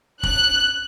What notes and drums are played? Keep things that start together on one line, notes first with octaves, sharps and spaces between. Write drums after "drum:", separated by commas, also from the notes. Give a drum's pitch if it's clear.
F#6, drum: kick